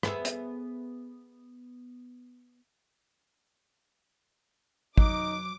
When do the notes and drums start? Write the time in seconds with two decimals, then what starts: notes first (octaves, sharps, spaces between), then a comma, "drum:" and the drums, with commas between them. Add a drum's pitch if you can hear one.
0.03 B3 G#4 E5, drum: rim click
0.25 drum: hi-hat
4.98 F#3 D#4 D6, drum: kick